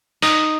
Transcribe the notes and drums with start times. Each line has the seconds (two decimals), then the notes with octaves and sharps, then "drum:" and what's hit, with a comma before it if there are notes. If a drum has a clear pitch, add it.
0.22 D#4, drum: open hi-hat